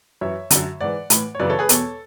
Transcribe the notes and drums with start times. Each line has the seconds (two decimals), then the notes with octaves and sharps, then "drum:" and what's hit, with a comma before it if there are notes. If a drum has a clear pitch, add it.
0.21 F#2 E3 C#5 E5
0.51 F#2 D3, drum: hi-hat
0.81 G#2 E3 D5 F#5
1.10 A2 E3, drum: hi-hat
1.35 C#5
1.40 F#2 C#3 E3 B4 D5
1.50 A4 C#5
1.59 G#4 B4
1.69 E2 B2 A4 C#5, drum: hi-hat